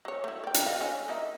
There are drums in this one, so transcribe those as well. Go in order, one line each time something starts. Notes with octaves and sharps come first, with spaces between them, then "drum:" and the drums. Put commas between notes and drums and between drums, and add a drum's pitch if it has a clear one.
F#3 C#5
A3 E4
D5 G5
drum: hi-hat
D#5 F5
D3 G#3 C#4
A#3 D#4 E4